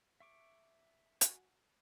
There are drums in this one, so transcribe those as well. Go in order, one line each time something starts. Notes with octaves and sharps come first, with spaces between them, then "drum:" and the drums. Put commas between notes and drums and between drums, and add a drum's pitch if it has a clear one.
E5 C#6 D6
F#4 G#5, drum: hi-hat